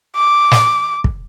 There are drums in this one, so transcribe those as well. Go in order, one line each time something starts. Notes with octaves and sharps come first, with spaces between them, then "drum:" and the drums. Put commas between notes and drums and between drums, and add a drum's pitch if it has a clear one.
D6
drum: snare
drum: kick